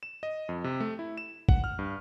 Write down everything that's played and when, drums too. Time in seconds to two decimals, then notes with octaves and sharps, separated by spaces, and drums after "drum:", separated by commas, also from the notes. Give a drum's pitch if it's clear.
0.03 E7
0.23 D#5
0.49 F2
0.64 C3
0.80 A3
0.99 E4
1.17 E7
1.49 F#5, drum: kick A1
1.64 F6
1.79 G2